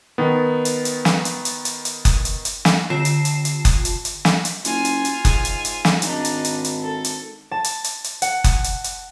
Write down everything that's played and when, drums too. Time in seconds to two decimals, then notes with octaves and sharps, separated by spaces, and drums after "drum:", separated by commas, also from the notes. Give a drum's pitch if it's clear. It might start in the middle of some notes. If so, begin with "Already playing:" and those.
0.18 D#3 B3
0.65 drum: hi-hat
0.85 drum: hi-hat
1.05 drum: snare
1.25 drum: hi-hat
1.45 drum: hi-hat
1.65 drum: hi-hat
1.85 drum: hi-hat
2.05 drum: kick F#1, hi-hat
2.25 drum: hi-hat
2.45 drum: hi-hat
2.65 drum: snare
2.90 D3 F4 A5 C7 E7
3.05 drum: hi-hat
3.25 drum: hi-hat
3.45 drum: hi-hat
3.65 drum: kick F#1, hi-hat
3.85 drum: hi-hat
4.05 drum: hi-hat
4.25 drum: snare
4.45 drum: hi-hat
4.65 F#1 F4 G#5, drum: hi-hat
4.85 drum: hi-hat
5.05 drum: hi-hat
5.25 G#2, drum: kick F#1, hi-hat
5.45 drum: hi-hat
5.65 drum: hi-hat
5.85 drum: snare
6.02 G#1 D4 D#4, drum: hi-hat
6.25 drum: hi-hat
6.45 drum: hi-hat
6.65 drum: hi-hat
6.81 A4
7.04 drum: hi-hat
7.51 A5
7.64 drum: hi-hat
7.84 drum: hi-hat
8.04 drum: hi-hat
8.22 F#5, drum: hi-hat
8.44 drum: kick F#1, hi-hat
8.64 drum: hi-hat
8.84 drum: hi-hat